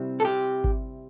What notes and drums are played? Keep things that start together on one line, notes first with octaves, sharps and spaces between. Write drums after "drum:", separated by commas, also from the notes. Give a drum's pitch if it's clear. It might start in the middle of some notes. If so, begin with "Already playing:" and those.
Already playing: C3 G3 C4 E4
A4
G4
drum: kick G#1